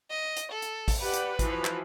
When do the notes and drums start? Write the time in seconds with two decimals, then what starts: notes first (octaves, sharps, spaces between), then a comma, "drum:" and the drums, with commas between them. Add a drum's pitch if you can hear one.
0.10 D#5
0.36 drum: hi-hat
0.51 A4
0.62 drum: hi-hat
0.88 drum: kick A1, open hi-hat
1.00 G4 B4 D5 F#5
1.13 drum: hi-hat
1.39 E3 F3 F#4, drum: kick A1, hi-hat
1.65 drum: clap